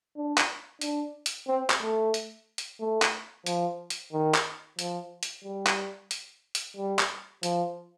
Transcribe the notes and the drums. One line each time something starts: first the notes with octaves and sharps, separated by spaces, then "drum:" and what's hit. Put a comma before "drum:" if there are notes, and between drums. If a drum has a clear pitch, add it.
D4
drum: clap
D4, drum: hi-hat
drum: hi-hat
C4
drum: clap
A3
drum: hi-hat
drum: hi-hat
A3
drum: clap
F3, drum: hi-hat
drum: hi-hat
D#3
drum: clap
F3, drum: hi-hat
drum: hi-hat
G3
drum: clap
drum: hi-hat
drum: hi-hat
G3
drum: clap
F3, drum: hi-hat